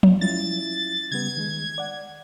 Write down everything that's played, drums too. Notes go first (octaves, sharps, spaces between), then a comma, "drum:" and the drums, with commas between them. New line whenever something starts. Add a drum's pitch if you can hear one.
drum: tom F3
C#4 E4 F4 A6
C#3 G3 B3 G#6
D#3 G#3
D5 F#5